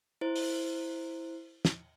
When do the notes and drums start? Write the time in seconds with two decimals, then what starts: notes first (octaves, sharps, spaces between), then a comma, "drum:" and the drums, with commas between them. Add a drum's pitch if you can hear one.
0.21 E4 C5
0.36 drum: open hi-hat
1.65 drum: snare